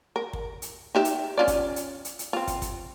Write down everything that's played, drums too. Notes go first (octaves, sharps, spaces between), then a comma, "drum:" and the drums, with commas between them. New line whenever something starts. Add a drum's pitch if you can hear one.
A#4
drum: kick
drum: hi-hat
D#4 G4 E5
drum: hi-hat
C#4 F4 D5
drum: kick, hi-hat
drum: hi-hat
drum: hi-hat
drum: hi-hat
C4 F4
drum: kick, hi-hat
drum: kick, hi-hat